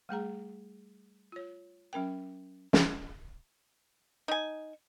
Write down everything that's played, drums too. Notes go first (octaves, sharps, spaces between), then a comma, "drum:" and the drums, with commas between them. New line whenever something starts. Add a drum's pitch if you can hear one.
G3 A3 G#4 A#5
F4 C#5
F#3 C#4 A#4 G5
drum: snare
D#4 G#5